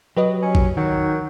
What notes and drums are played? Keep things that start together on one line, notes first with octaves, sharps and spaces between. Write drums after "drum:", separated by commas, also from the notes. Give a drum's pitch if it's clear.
F#3 G4 B4 D#5
C#4
drum: kick A1
D#3 F#3